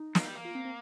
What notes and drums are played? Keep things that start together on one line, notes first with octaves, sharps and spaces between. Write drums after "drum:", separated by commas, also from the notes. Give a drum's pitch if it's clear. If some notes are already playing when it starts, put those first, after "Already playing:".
Already playing: D#4
A#3, drum: snare
G3
A#3
F4
C4
C4